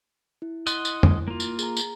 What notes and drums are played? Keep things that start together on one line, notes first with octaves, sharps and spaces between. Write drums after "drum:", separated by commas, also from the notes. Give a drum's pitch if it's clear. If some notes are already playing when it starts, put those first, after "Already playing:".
E4
D#5 F#5 C6, drum: tambourine
drum: tambourine
drum: tom F2
A#3 F4
drum: tambourine
G#4 A#5, drum: tambourine
drum: tambourine